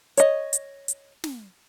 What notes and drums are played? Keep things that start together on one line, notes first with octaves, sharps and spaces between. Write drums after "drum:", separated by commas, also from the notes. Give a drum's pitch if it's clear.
C#5 D#5, drum: hi-hat
drum: hi-hat
drum: hi-hat
drum: snare